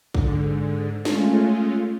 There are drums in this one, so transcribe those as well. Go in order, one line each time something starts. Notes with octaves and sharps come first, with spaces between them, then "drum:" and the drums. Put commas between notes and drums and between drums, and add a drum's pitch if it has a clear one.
G#2 D3, drum: kick A1
G#3 A3 C#4 F4, drum: snare